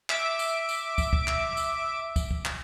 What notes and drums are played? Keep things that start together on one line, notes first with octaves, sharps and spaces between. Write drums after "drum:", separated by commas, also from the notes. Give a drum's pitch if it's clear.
E5 D6 D7, drum: clap
drum: tambourine
drum: tambourine
drum: kick, tambourine
drum: kick
drum: clap
drum: tambourine
drum: kick, tambourine
drum: kick
drum: clap